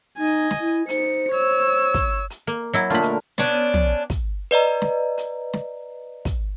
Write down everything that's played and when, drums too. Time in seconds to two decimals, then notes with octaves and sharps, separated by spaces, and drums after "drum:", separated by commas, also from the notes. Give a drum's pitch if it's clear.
0.18 D#4 D#5 G#5
0.51 drum: snare
0.60 E4
0.89 D#4 C5 C#7, drum: hi-hat
1.31 C#5 E6
1.94 drum: kick, hi-hat
2.30 drum: hi-hat
2.47 A#3
2.73 F#3 E4
2.90 A#2 D3 A3 F4 B5
3.02 A#4, drum: hi-hat
3.38 B3 C#4 D4, drum: snare
3.74 drum: tom
4.10 drum: kick, hi-hat
4.51 B4 D5 D#5 A#5
4.82 drum: snare
5.18 drum: hi-hat
5.53 drum: snare
6.25 drum: kick, hi-hat